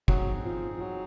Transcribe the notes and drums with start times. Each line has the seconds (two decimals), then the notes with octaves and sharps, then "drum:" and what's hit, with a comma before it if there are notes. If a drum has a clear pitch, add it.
0.08 F#3 C4 D#4 G#4, drum: kick
0.45 F3
0.76 F3
0.81 F#3